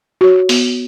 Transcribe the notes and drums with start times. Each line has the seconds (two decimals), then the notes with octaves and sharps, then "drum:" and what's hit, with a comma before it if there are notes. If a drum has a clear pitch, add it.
0.21 F#4 C#5
0.49 B3, drum: open hi-hat